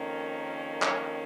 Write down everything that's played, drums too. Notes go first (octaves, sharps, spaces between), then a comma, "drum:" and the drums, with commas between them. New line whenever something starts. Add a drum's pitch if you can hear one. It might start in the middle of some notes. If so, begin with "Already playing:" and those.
Already playing: F2 D#3 A#3 C#4
C#5, drum: clap